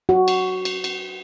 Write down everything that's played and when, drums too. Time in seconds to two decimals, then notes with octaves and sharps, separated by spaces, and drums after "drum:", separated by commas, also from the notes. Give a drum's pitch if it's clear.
0.09 F#4
0.28 drum: cymbal
0.65 drum: cymbal
0.84 drum: cymbal